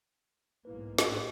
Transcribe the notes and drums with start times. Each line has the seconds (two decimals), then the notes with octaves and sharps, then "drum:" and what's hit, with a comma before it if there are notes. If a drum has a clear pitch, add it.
0.65 B1 G#2 A#3 E4 B4
0.98 A2 G4 G#4 D#5, drum: snare